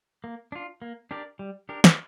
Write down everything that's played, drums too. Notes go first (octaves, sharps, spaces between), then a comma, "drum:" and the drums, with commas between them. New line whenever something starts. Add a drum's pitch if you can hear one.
A#3
D4 F4
A#3
D4 G4 A#4 D5
G3
D4 G4 A#4
drum: snare